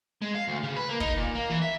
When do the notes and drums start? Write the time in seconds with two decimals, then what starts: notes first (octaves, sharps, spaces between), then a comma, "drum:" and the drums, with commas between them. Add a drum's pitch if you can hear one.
0.21 G#3
0.35 F5
0.47 D2
0.63 C#3
0.76 B4
0.89 A#3
1.00 D#4, drum: kick
1.17 A#2
1.35 A#3
1.50 E3
1.62 E5